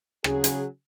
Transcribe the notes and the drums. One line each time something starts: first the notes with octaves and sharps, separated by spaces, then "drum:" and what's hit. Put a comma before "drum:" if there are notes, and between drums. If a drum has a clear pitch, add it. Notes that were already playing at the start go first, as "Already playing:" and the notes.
C#3 F#3 G#4, drum: rim click
drum: hi-hat